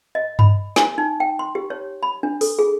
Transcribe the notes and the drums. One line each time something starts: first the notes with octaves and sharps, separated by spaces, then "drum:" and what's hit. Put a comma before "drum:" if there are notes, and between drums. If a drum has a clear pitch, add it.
D#5
B5, drum: tom G2
G#5, drum: snare
D#4
G5
C6
G4
C#5
B5
D4
A4, drum: open hi-hat
G#4